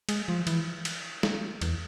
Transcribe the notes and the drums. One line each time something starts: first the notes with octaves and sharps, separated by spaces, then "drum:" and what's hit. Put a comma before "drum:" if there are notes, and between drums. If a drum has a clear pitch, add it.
G#3, drum: cymbal
F3
E3, drum: cymbal
drum: cymbal
drum: snare
E2, drum: cymbal